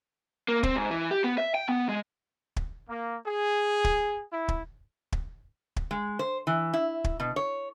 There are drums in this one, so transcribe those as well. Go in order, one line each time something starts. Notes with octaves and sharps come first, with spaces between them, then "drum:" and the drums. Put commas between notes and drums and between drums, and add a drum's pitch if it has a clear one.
A#3
C4, drum: kick
G#2
E3
G4
B3
E5
G5
B3
G#3
drum: kick
A#3
G#4
drum: kick
E4
drum: kick
drum: kick
drum: kick
G#3
C5
E3
E4
drum: kick
B2
C#5